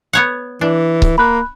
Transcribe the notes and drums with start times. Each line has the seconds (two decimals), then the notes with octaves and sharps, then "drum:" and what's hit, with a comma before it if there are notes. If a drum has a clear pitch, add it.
0.13 B3 C#5 F#5
0.61 E3 D4
1.02 drum: kick C#1
1.18 A#3 B5 F#6